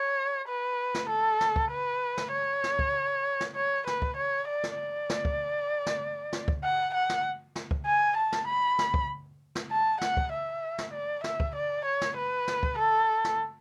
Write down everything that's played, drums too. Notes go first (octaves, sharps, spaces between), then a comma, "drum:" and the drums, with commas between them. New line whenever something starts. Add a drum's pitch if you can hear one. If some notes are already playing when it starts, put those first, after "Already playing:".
Already playing: C#5
B4
drum: snare
A4
drum: snare
drum: kick
B4
drum: snare
C#5
drum: snare
drum: kick
drum: snare
C#5
B4, drum: snare
drum: kick
C#5
D5
drum: snare
D5
drum: snare
drum: kick
drum: snare
drum: snare
drum: kick
F#5
F#5
drum: snare
drum: snare
drum: kick
G#5
A5
drum: snare
B5
drum: snare
drum: kick
drum: snare
A5
F#5, drum: snare
drum: kick
E5
drum: snare
D5
E5, drum: snare
drum: kick
D5
C#5
drum: snare
B4
drum: snare
drum: kick
A4
drum: snare